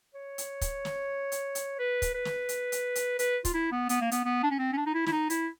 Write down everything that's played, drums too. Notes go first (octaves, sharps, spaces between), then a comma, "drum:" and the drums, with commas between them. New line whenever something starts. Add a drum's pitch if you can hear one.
C#5
drum: hi-hat
drum: kick, hi-hat
drum: snare
drum: hi-hat
drum: hi-hat
B4
drum: kick, hi-hat
B4
drum: snare
drum: hi-hat
drum: hi-hat
drum: hi-hat
B4, drum: hi-hat
F4, drum: kick, hi-hat
E4
B3
B3, drum: hi-hat
A#3
B3, drum: hi-hat
B3
D4
C#4
C4
C#4
D4
D#4
E4
E4, drum: snare
D#4
E4, drum: hi-hat